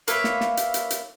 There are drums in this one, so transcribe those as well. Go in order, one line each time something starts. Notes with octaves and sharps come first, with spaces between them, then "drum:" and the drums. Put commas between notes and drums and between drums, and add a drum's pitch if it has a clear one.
A#3 B4 C#5 E5, drum: hi-hat
drum: snare
drum: snare
drum: hi-hat
drum: hi-hat
drum: hi-hat